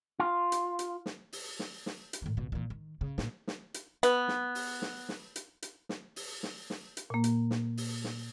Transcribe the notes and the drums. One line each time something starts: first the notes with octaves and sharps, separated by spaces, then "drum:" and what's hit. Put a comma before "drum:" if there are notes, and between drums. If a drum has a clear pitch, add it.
F4
drum: hi-hat
drum: hi-hat
drum: snare
drum: open hi-hat
drum: snare
drum: snare
drum: hi-hat
A2 D#3
C#2 B2
A#2 E3
D#3
C#3
A#2, drum: snare
drum: snare
drum: hi-hat
B3, drum: hi-hat
drum: snare
drum: open hi-hat
drum: snare
drum: snare
drum: hi-hat
drum: hi-hat
drum: snare
drum: open hi-hat
drum: snare
drum: snare
drum: hi-hat
A#2 A#3
drum: hi-hat
drum: snare
drum: open hi-hat
drum: snare